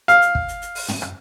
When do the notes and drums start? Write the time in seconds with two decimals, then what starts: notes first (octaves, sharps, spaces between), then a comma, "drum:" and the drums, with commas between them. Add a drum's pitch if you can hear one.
0.08 F5, drum: hi-hat
0.22 drum: hi-hat
0.35 drum: kick
0.48 drum: hi-hat
0.62 drum: hi-hat
0.75 drum: open hi-hat
0.88 drum: tom
1.02 drum: rim click